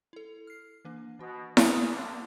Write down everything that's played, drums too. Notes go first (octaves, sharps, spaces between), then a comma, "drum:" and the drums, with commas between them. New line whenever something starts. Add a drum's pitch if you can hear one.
E4 A4
F6 C7
E3 A#3 D4
B2 E3 F#4
A2 B3 G#4 F#6, drum: snare E4
C#2 D3